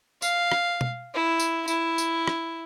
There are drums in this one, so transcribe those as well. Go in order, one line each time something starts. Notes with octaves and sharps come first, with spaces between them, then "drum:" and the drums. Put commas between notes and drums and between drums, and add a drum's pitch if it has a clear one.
F5, drum: tambourine
drum: rim click
drum: tom B2
E4
drum: tambourine
E4, drum: tambourine
drum: tambourine
drum: rim click